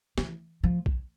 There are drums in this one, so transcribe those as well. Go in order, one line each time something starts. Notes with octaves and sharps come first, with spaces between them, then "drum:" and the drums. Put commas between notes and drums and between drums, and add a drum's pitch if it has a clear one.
E3, drum: snare
F3
drum: kick B1